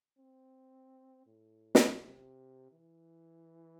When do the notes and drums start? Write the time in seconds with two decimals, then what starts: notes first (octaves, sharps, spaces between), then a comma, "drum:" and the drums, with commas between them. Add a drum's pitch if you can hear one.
0.18 C4
1.27 A2
1.75 drum: snare
1.98 C3
2.72 E3